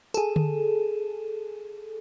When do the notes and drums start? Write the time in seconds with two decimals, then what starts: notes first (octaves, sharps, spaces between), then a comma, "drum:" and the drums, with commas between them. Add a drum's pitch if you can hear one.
0.14 G#4 A4, drum: tambourine
0.36 drum: tom D3